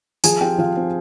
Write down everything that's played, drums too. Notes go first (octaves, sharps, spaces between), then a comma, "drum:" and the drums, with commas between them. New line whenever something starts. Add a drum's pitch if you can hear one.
F3 G#4 G#5, drum: tambourine
C4 F4 G4 G5
F3 F4 F5
C4 F4